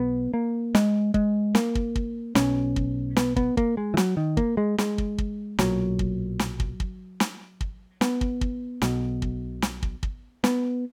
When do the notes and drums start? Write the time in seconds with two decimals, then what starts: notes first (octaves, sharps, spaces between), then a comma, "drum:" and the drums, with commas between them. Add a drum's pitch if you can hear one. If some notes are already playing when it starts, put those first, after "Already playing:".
Already playing: B1 B2 B3
0.34 A#3
0.75 G#3, drum: snare
1.14 G#3, drum: kick
1.55 A#3, drum: snare
1.75 drum: kick
1.95 drum: kick
2.35 B1 B2 C#4, drum: snare
2.76 drum: kick
3.17 B3, drum: snare
3.36 B3, drum: kick
3.57 A#3, drum: kick
3.77 G#3
3.94 E3
3.97 F#3, drum: snare
4.17 D#3
4.37 A#3, drum: kick
4.57 G#3
4.78 G#3, drum: snare
4.98 drum: kick
5.18 drum: kick
5.59 B1 A#2 F#3, drum: snare
5.99 drum: kick
6.39 drum: snare
6.60 drum: kick
6.80 drum: kick
7.20 drum: snare
7.61 drum: kick
8.01 B3, drum: snare
8.21 drum: kick
8.41 drum: kick
8.82 B1 B2, drum: snare
9.22 drum: kick
9.62 drum: snare
9.83 drum: kick
10.03 drum: kick
10.44 B3, drum: snare